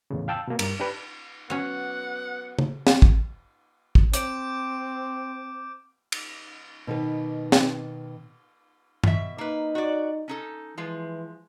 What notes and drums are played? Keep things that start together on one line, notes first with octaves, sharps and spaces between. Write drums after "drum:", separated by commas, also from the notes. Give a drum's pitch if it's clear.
E2 A2 C#3
F5 G5 A5 E6
B2 A#3
G2 A#4, drum: cymbal
D4 G4 B4
F#3 B3 C#4 F#5
drum: tom C#3
drum: snare
drum: kick
drum: kick
C4 D6 G6 D7, drum: hi-hat
drum: cymbal
B2 D#3 B4
drum: snare
B2 E5, drum: tom G2
A#3 D#4 B4
F#4 D5
C#4 D#4 A4
E3 F3 G#3